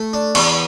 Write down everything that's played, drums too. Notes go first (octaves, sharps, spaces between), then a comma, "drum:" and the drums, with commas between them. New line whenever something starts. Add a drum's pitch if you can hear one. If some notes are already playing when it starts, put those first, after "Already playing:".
Already playing: A3
D4
E2, drum: cymbal